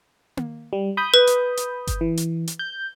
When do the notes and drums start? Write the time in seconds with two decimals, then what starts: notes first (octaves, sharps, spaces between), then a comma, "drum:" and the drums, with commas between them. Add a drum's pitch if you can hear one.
0.37 drum: tom A#3
0.73 G3
0.97 B5 D#6 G6
1.14 B4
1.27 drum: hi-hat
1.57 drum: hi-hat
1.87 drum: kick G1, hi-hat
2.01 E3
2.17 drum: hi-hat
2.47 drum: hi-hat
2.59 G6